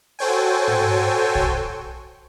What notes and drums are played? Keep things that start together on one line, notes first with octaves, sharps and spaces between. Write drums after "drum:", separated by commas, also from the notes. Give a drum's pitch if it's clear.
F#4 A4 C5 C#5 G5 G#5
drum: tom G#2
drum: kick